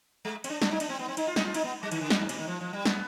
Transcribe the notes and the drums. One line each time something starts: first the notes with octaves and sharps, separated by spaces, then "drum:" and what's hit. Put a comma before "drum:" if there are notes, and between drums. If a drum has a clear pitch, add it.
G#3
C4, drum: cymbal
D4
D4, drum: snare
D#4
D4, drum: cymbal
C4
B3
C4
D#4, drum: cymbal
F4
D#4, drum: snare
F4
D#4, drum: cymbal
B3
G3
D#3, drum: cymbal
D3
B2, drum: snare
G#2
B2, drum: cymbal
D#3
F3
F3
G3
B3, drum: snare